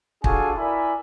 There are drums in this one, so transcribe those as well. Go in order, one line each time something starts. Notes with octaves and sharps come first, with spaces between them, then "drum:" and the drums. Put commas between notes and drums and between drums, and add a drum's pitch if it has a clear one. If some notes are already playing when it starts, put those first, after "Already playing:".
D4 F4 F#4 G#4 A4 G#5, drum: kick
E4 A#4 D5 E5 G#5 B5